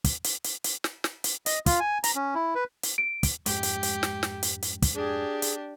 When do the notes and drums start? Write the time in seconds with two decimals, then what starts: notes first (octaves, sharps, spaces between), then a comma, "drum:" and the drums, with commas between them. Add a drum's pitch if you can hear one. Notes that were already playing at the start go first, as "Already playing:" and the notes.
0.04 drum: kick, hi-hat
0.24 drum: hi-hat
0.44 drum: hi-hat
0.64 drum: hi-hat
0.84 drum: snare
1.04 drum: snare
1.24 drum: hi-hat
1.46 D#5, drum: hi-hat
1.66 F4, drum: kick, hi-hat
1.80 G#5
2.04 A#5, drum: hi-hat
2.15 C#4
2.35 E4
2.55 B4
2.83 drum: hi-hat
2.98 D7
3.23 drum: kick, hi-hat
3.46 F2 G#2 G#3 G4, drum: hi-hat
3.63 drum: hi-hat
3.83 drum: hi-hat
4.03 drum: snare
4.23 drum: snare
4.43 drum: hi-hat
4.62 drum: hi-hat
4.82 drum: kick, hi-hat
4.95 D4 G4 G#4
5.42 drum: hi-hat